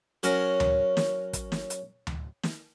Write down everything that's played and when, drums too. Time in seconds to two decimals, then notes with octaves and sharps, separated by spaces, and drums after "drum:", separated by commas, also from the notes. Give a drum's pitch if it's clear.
0.23 F#3 C#4 A#4, drum: hi-hat
0.60 drum: tom D2
0.97 drum: snare
1.33 drum: kick, hi-hat
1.52 drum: snare
1.70 drum: hi-hat
2.07 drum: tom D2
2.43 drum: snare